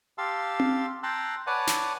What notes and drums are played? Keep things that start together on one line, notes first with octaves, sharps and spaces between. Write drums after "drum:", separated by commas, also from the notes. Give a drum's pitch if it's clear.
G4 F5 A5 C6 E6
drum: tom C4
G5 A5 A#5 C6 E6 F#6
B4 C#5 D5 F#5 G#5 A5
drum: snare